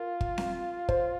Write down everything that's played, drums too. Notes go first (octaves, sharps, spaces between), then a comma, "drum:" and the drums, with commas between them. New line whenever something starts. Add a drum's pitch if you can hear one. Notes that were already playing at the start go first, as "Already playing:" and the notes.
Already playing: F4 A#4
drum: kick
drum: snare C4
C5, drum: kick